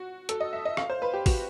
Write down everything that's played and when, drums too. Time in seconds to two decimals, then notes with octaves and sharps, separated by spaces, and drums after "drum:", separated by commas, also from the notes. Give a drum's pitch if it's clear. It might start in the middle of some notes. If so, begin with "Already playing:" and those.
Already playing: F#4
0.29 A4, drum: hi-hat
0.40 D#5
0.53 E5
0.65 D#5
0.77 F5, drum: rim click
0.90 C5
1.02 B4
1.14 G4
1.26 F#4, drum: kick, open hi-hat